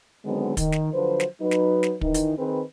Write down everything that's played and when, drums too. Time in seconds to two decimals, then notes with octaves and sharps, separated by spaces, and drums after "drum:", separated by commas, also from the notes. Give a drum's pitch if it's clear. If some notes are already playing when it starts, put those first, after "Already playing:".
0.25 D3 D#3 F#3 G#3 B3 C4
0.57 D#3, drum: kick, hi-hat
0.72 drum: snare
0.94 D3 F3 F#3 B4 C5
1.20 drum: snare
1.41 F#3 D#4 B4
1.51 drum: snare
1.83 drum: snare
2.01 D#3 E3 D#4, drum: kick
2.14 drum: hi-hat
2.37 D#3 C4 G#4 B4